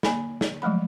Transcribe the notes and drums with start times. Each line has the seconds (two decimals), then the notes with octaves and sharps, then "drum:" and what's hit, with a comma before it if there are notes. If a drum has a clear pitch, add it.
0.03 A#3 G#5 B5, drum: snare
0.41 drum: snare
0.62 F3 F#3 G#3 A3 B5